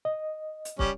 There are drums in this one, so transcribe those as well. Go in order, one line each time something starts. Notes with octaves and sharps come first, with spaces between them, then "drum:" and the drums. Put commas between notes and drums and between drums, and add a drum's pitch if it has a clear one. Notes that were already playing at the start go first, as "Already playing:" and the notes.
D#5
drum: hi-hat
G3 C#4, drum: kick